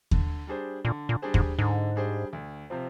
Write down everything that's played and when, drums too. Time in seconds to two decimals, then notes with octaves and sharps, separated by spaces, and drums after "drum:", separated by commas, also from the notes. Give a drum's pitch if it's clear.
0.11 D3, drum: kick D#2
0.47 G3 D4 G#4 C5
0.85 A#2 D3
1.09 A#2
1.22 G3 D4 G#4 C5
1.34 G#2, drum: kick D#2
1.58 G#2 D3
1.96 G3 D4 G#4 C5
2.33 D2
2.70 C3 F3 C4